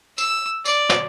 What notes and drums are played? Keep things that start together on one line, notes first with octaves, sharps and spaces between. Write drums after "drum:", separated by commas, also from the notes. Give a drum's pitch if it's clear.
E6, drum: tambourine
D5, drum: tambourine
drum: snare